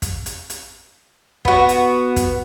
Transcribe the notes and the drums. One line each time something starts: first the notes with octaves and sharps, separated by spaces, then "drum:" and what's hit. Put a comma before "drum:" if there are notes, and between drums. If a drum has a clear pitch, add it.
drum: kick, hi-hat
drum: hi-hat
drum: hi-hat
B3 F#4, drum: kick
drum: hi-hat
drum: kick, hi-hat